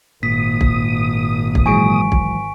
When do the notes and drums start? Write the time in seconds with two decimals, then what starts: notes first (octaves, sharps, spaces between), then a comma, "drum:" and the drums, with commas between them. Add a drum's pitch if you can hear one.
0.23 G#1 A#2 D#6 B6
0.61 drum: kick
1.55 drum: kick
1.66 E3 F#3 G#3 G#5 C#6 D7
2.12 drum: kick